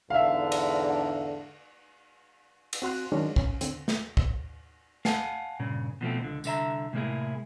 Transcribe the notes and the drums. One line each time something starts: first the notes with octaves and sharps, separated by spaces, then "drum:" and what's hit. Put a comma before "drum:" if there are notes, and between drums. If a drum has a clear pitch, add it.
E2 G#2 D3 E5 F5
drum: cymbal
drum: cymbal
C4 F#4 C6 F#6
D#3 F#3 G#3 C#4 D4
C#4, drum: kick
D3 C4, drum: hi-hat
drum: snare
drum: kick
F5 F#5 G#5 A5, drum: snare
G2 A#2 C#3
B2 F3 A3 C4
C#2 D3
C2 D3 E5 A#5, drum: tambourine
A2 C3 G#3 A#3 E4 G#4